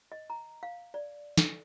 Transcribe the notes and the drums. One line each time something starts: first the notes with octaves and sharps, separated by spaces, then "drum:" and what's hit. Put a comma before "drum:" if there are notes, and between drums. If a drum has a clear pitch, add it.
D#5
A#5
F5
D5
A4, drum: snare